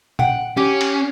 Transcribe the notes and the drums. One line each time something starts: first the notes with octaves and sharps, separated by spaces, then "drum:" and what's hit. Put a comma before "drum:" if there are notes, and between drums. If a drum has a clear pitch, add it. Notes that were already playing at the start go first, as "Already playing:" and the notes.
F#5 G5, drum: tom A#2
C#4 G4
drum: cymbal